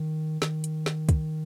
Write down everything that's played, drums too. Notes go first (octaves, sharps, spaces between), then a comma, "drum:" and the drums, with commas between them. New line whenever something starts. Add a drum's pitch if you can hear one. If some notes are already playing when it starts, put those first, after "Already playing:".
Already playing: D#3
D#3, drum: snare
drum: hi-hat
drum: snare
drum: kick, hi-hat